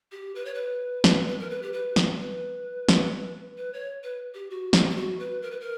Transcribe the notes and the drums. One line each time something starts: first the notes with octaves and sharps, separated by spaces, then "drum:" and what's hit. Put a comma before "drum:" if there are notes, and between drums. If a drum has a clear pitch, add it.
G4
B4
C#5
B4
drum: snare
B4
A#4
B4
G4
B4
drum: snare
B4
drum: snare
B4
C#5
B4
G4
F#4
drum: snare
G4
F#4
B4
A#4
B4
A#4